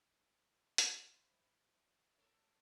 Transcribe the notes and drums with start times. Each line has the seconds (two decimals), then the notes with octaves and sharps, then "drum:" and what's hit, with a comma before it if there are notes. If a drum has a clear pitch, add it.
0.78 drum: hi-hat
1.13 E4 C5
2.18 A4 A#4 C#5